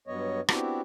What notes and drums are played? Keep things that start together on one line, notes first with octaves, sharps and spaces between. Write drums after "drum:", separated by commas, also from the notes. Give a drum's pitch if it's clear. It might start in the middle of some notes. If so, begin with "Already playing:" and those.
G2 F#3 B3 C#5 D#5
B3 C4 D4 E4 F#4 G4, drum: rim click